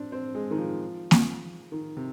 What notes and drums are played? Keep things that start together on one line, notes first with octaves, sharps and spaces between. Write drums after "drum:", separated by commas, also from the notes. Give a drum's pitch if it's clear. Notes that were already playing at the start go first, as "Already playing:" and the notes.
Already playing: C4 D4
C4
G#3
D#3
F3
drum: snare A#3
D#3
C3